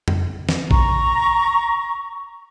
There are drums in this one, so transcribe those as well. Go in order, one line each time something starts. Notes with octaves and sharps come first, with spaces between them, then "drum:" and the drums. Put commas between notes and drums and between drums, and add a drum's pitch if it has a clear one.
drum: tom F2
drum: snare
A#5 C#6, drum: kick A#1